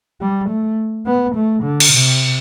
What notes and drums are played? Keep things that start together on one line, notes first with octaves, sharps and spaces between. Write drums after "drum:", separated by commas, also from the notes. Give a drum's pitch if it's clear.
G3
A3
B3
A3
D3
drum: cymbal
C3